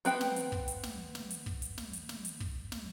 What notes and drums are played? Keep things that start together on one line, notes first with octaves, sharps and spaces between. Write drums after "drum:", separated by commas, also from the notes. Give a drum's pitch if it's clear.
B3 C4 B4 C5 G5, drum: hi-hat
drum: snare
drum: hi-hat
drum: kick
drum: hi-hat
drum: snare
drum: snare
drum: hi-hat
drum: kick
drum: hi-hat
drum: snare
drum: hi-hat
drum: snare
drum: hi-hat
drum: kick
drum: snare